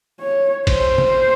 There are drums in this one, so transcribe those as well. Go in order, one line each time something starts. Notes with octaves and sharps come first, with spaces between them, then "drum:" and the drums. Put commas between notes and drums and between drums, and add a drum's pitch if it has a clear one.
C#5
C5, drum: kick, cymbal
drum: tom B2